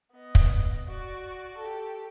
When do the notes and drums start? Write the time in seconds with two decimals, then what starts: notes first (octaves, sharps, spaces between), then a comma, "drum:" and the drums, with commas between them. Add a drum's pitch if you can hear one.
0.12 B3 D#5
0.35 drum: kick
0.86 F#4 D5
1.57 G4 A4